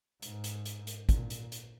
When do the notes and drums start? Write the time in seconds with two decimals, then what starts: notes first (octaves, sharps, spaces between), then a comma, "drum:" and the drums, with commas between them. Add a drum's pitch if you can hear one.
0.22 G#2, drum: hi-hat
0.44 drum: hi-hat
0.65 drum: hi-hat
0.87 drum: hi-hat
1.09 A#2, drum: kick, hi-hat
1.30 drum: hi-hat
1.52 drum: hi-hat